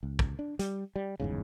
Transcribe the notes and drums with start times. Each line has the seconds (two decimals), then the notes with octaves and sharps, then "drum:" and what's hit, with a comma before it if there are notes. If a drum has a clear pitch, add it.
0.03 C#2
0.19 drum: kick
0.39 D4
0.59 G3, drum: hi-hat
0.96 G3
1.20 G1 E2 G#2 C#3